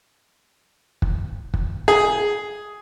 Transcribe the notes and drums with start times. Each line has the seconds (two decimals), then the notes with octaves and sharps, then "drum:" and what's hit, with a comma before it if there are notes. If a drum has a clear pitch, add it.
1.02 drum: kick
1.54 drum: kick
1.88 G#4